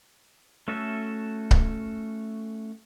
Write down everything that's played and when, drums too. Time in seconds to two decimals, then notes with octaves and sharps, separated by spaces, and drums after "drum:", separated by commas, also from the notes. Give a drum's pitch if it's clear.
0.68 A3 C#4 F#4 A4 E5
1.51 drum: kick C#1